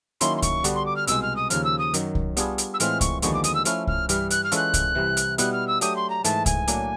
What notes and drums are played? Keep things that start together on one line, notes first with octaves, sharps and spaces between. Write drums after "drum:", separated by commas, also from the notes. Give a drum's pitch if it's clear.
D#3 F#3 A#3 C#4 E4 C6, drum: hi-hat
C6
C#6, drum: kick C2, hi-hat
D3 G3 B3 D4 F#4, drum: hi-hat
C6
D6
F6
C2 B2 G#3 E6, drum: hi-hat
F6
D#6
D#2 C#3 F3 F6, drum: hi-hat
E6
D#6
F#2 D#3 F#3, drum: hi-hat
drum: kick C2
G3 B3 D4 F4 G#4, drum: hi-hat
drum: hi-hat
E6
A2 E3 G#3 C4 F4 F6, drum: hi-hat
C#6, drum: kick C2, hi-hat
D#2 D3 F3 G#3 B3 C#6, drum: hi-hat
D6
D#6, drum: hi-hat
E6
F3 A3 C#4 E4 F6, drum: hi-hat
F6, drum: kick C2
G2 E3 G3 F6, drum: hi-hat
F#6, drum: hi-hat
F6
E3 G#3 C#4 F4 A4 F#6, drum: hi-hat
drum: kick C2, hi-hat
C2 C3 E3
drum: hi-hat
B2 G3 B3 E4 F#6, drum: hi-hat
F6
E6
F#3 A3 D4 G4 D#6, drum: hi-hat
C6
A#5
G#2 E3 A3 A5, drum: hi-hat
G#5, drum: kick C2, hi-hat
A2 F#3 A#3 D4, drum: hi-hat